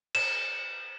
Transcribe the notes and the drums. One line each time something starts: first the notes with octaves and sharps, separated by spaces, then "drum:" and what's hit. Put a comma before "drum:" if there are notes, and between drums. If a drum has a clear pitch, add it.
E7, drum: cymbal